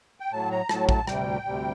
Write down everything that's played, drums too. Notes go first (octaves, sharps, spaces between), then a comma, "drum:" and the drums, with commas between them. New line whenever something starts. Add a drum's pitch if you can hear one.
G5
A2 F#3 A5
A#5
A2 F#3 A5, drum: rim click
A5, drum: kick
D2 C3 G3 G5, drum: rim click
D2 C3 G3